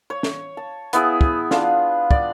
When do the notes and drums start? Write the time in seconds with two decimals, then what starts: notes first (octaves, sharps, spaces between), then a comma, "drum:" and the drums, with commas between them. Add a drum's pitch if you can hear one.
0.10 C#5
0.23 drum: snare
0.57 A5
0.93 B3 E4 G#4, drum: hi-hat
1.21 drum: kick
1.51 D4 F4, drum: snare
2.11 D5, drum: kick